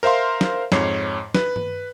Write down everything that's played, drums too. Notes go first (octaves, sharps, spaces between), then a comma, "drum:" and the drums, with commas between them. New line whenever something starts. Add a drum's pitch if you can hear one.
A#4 C5 E5 F5 C6
drum: snare
F2 G#2 C#5 C7, drum: snare
B4, drum: snare
drum: tom G2